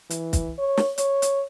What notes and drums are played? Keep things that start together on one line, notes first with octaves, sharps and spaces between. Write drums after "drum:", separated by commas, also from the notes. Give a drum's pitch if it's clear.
E3, drum: hi-hat
drum: kick, hi-hat
C#5
drum: snare
C#5, drum: hi-hat
drum: hi-hat